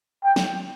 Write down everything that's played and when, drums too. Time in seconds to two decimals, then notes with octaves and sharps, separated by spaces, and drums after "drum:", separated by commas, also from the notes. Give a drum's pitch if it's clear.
0.24 G5
0.36 drum: snare